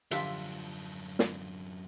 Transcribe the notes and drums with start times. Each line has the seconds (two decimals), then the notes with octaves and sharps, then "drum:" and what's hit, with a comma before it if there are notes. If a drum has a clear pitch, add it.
0.11 F#2 D3 F3 D4 F4 G4 E5, drum: hi-hat
1.19 drum: snare